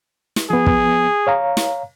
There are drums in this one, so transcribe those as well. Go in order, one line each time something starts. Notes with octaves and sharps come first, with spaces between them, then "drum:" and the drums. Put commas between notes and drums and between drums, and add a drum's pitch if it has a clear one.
drum: snare
F3 B3 G#4
drum: kick
C#5 F5 A#5
drum: snare